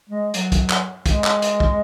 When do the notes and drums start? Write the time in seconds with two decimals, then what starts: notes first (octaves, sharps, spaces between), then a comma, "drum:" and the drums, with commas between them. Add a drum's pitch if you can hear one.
0.10 G#3
0.34 F#3, drum: hi-hat
0.52 drum: kick, hi-hat
0.70 drum: clap
1.06 G#3, drum: kick, hi-hat
1.24 drum: clap
1.42 drum: hi-hat
1.60 drum: kick